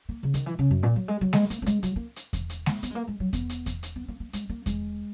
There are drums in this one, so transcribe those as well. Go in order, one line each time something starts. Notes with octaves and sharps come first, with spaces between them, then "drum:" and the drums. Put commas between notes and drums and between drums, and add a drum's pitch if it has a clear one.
A#3
C#3
D#3, drum: hi-hat
E3
C#3
F#2
A#2
F#3
G#3
F#3
G#3, drum: snare G#3
A#3, drum: hi-hat
A#3
G#3, drum: hi-hat
F#3, drum: hi-hat
A#3
drum: hi-hat
drum: kick E2, hi-hat
drum: hi-hat
drum: snare G#3
B3, drum: hi-hat
G#3
A#3
G#3
F#3
B3, drum: kick E2, hi-hat
drum: hi-hat
drum: kick E2, hi-hat
drum: hi-hat
B3
A#3
A#3
G#3, drum: hi-hat
A#3
G#3, drum: kick E2, hi-hat